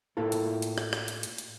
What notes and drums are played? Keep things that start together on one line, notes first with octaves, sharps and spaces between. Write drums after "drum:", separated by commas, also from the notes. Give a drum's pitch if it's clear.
A2 A#3 E4 F4 A4
drum: hi-hat
drum: hi-hat
drum: rim click
drum: rim click
drum: hi-hat
drum: hi-hat
drum: hi-hat